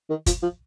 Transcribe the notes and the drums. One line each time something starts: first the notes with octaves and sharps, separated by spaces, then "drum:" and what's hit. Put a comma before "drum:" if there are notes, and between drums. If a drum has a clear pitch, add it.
D#3
F3, drum: kick, hi-hat
F3